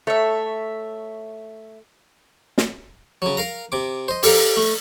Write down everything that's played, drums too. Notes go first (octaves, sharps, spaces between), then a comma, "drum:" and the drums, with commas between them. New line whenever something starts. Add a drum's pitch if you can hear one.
A3 C#5 E5
drum: snare
C#3 F#3
A#4 F5 A#5
C3 D6
C5 D#5
G4 A4 A#4 F5, drum: open hi-hat
A3